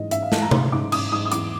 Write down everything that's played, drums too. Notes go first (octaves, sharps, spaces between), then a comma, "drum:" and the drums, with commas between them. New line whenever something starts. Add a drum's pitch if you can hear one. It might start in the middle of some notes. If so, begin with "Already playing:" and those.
Already playing: G#2 E3 D#5
G#2 E5, drum: hi-hat
F5
E3 A5, drum: snare
A#5
G#2 C6, drum: tom C3
G#2 D6
G#2 D#6, drum: cymbal
G#2 D#6
D#6
E2 D6, drum: hi-hat